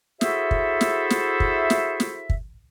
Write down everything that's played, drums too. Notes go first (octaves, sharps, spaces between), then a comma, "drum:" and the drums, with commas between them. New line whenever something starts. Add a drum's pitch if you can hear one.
E4 F#4 G#4 A4 C5 E5, drum: snare
drum: kick
drum: snare
drum: snare
drum: kick
drum: snare
drum: snare
drum: kick